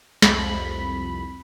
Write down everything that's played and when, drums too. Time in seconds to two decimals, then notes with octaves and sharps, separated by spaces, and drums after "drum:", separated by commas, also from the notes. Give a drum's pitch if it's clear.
0.22 C2 F2 B5, drum: snare